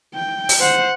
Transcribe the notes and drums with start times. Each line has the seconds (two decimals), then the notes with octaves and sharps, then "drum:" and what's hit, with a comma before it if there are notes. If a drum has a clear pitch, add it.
0.14 G5
0.49 drum: open hi-hat
0.59 C5 F#5